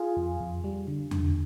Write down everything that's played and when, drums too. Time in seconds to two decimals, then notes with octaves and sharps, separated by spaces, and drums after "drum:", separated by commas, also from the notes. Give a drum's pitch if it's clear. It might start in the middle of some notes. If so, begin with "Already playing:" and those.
Already playing: F4 G#4
0.16 F2
0.40 F2
0.64 G3
0.87 D3
1.11 D3, drum: tom E2